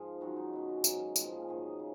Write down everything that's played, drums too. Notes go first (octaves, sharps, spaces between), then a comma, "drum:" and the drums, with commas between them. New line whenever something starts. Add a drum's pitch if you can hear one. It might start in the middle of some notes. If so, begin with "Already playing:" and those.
Already playing: G#2 F3 F4 G#4
F#2 D#3 F#3 F#4
D#4
B2 F#3
G#4
G#2 F#3 A#4, drum: tambourine
A#4
A#2 F3 A#4, drum: tambourine
G#4
A#4
G#2 D#3 F#3 G#4
C#3